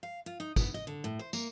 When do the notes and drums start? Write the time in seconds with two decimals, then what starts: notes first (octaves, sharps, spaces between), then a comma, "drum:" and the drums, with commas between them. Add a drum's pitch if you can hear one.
0.03 F5
0.26 F4
0.40 D#4
0.56 B3, drum: kick, tambourine
0.74 D#5
0.87 D3
1.04 A2
1.19 C5
1.33 A#3, drum: tambourine